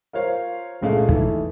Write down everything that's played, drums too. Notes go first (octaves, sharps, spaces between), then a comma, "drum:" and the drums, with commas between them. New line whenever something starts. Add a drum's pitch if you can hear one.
F4 A#4 C5 C#5 F5
G1 C#2 A#2 G#3 A3 F5
E3 A3 D#4, drum: kick